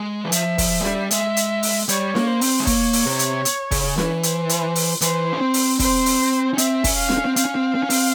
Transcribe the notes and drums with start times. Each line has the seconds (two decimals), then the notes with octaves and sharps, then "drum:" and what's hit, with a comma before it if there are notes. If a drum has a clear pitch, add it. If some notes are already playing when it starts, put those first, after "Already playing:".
Already playing: G#3
0.24 E3
0.32 F3 E5, drum: hi-hat
0.58 F3, drum: kick, open hi-hat
0.80 G#3
0.84 G3, drum: snare
1.11 G#3 E5, drum: hi-hat
1.37 drum: hi-hat
1.63 drum: open hi-hat
1.89 G3 C#5, drum: hi-hat
2.15 A#3, drum: snare
2.27 C5
2.41 C4, drum: open hi-hat
2.59 G#3
2.67 A#3 C#5, drum: kick, open hi-hat
2.93 drum: open hi-hat
3.06 C3
3.19 drum: hi-hat
3.45 drum: hi-hat
3.71 C#3, drum: kick, open hi-hat
3.98 E3, drum: snare
4.23 C5, drum: hi-hat
4.49 drum: hi-hat
4.75 drum: open hi-hat
5.01 E3 C5, drum: hi-hat
5.33 C#4
5.41 C4
5.54 drum: open hi-hat
5.79 C4 C5, drum: kick, open hi-hat
6.06 drum: open hi-hat
6.53 C#4
6.58 C4 E5, drum: hi-hat
6.84 C#4, drum: kick, open hi-hat
6.97 F5
7.09 C4, drum: snare
7.18 C#4
7.25 C4
7.36 C4 F5, drum: hi-hat
7.45 C#4
7.55 C4
7.75 C4
7.83 C#4
7.90 C4, drum: open hi-hat